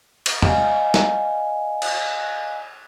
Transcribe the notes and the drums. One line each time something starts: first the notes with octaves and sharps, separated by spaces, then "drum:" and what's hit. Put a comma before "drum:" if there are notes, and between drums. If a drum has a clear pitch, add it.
drum: cymbal
D5 D#5 F5 G#5, drum: tom E2
drum: snare
drum: cymbal